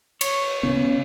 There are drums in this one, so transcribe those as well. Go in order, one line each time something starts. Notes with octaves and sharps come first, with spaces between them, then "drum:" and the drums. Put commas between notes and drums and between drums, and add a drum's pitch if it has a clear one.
C#5, drum: cymbal
C#3 B3 C#4